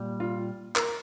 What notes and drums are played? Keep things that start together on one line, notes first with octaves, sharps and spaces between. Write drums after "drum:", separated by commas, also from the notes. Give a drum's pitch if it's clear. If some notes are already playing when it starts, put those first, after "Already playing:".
Already playing: A#2 G3
F4
A#4, drum: clap